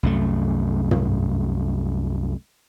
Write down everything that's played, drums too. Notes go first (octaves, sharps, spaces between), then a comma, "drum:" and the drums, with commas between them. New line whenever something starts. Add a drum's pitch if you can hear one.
C2 F#2 A3
drum: tom